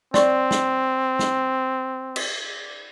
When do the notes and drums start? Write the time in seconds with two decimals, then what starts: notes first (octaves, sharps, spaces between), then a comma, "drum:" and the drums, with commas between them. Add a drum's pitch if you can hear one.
0.14 C4 D5 C6 C#6, drum: snare
0.51 drum: snare
1.19 drum: snare
2.16 drum: cymbal